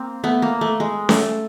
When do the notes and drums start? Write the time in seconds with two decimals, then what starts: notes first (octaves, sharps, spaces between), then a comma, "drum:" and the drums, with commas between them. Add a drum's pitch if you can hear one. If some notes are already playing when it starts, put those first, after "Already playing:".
Already playing: A#3 C4
0.24 A3 B3
0.42 A#3
0.61 A3
0.80 G#3
1.09 A3, drum: snare C#4